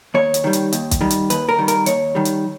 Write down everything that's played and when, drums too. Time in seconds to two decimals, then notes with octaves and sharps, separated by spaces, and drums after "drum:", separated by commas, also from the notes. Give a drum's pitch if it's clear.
0.14 D#2 C#5
0.34 drum: hi-hat
0.44 D#3 G3
0.53 drum: hi-hat
0.72 D#2, drum: hi-hat
0.91 drum: kick, hi-hat
1.01 D#3 G3
1.10 drum: hi-hat
1.30 D#2 B4, drum: hi-hat
1.49 A#4
1.58 D#3 G3
1.68 A#4, drum: hi-hat
1.86 D#2 C#5, drum: hi-hat
2.15 D#3 G3
2.25 drum: hi-hat